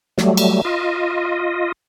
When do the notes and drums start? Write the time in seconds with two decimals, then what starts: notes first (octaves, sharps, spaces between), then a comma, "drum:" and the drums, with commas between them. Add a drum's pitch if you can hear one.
0.18 F#3 G3 A3, drum: snare
0.37 drum: cymbal
0.65 F4 D#5